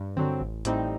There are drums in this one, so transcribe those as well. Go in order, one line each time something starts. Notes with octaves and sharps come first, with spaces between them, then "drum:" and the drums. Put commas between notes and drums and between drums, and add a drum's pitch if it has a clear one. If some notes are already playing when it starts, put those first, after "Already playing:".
Already playing: G2
D3 F#3 C4, drum: tom D3
A1
A2 G3 C4 D#4, drum: hi-hat